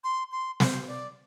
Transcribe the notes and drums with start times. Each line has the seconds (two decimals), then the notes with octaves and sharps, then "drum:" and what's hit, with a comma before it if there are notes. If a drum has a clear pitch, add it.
0.04 C6
0.32 C6
0.60 C5, drum: snare
0.88 D5